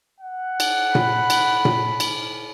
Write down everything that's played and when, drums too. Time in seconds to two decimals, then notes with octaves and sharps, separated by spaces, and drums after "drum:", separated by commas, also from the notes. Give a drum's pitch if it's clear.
0.20 F#5
0.60 drum: cymbal
0.95 B5, drum: tom A#2
1.30 drum: cymbal
1.65 drum: tom A#2
2.00 drum: cymbal